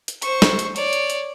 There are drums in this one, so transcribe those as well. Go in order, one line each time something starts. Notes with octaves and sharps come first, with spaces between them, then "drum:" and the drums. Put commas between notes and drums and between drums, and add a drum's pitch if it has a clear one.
drum: hi-hat
C5 C#6, drum: hi-hat
drum: snare
drum: hi-hat
C#5 D5, drum: hi-hat
drum: hi-hat
drum: hi-hat